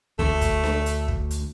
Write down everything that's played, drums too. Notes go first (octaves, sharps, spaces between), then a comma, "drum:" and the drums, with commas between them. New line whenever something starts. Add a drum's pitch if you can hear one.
D2 A3, drum: kick
drum: kick, hi-hat
drum: snare D4
drum: hi-hat
drum: kick
drum: hi-hat